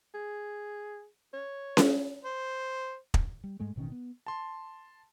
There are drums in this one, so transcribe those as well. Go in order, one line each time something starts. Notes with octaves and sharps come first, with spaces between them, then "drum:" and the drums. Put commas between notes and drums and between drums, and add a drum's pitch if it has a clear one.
G#4
C#5
drum: snare C#4
C5
drum: kick
G3
G#2 G#3 A3
A1 B2 D#3 C#4
B3
A5 C6